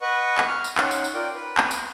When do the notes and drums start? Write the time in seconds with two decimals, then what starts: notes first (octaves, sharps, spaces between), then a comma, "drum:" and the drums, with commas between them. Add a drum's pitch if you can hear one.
0.01 B4 D#5 F#5 C#6
0.38 drum: clap
0.48 F6
0.64 drum: tambourine
0.78 C#4 D#4 F#5 C6, drum: clap
0.91 drum: tambourine
1.04 drum: tambourine
1.14 F4 A#4 D5 G5
1.35 B4
1.57 drum: clap
1.71 drum: tambourine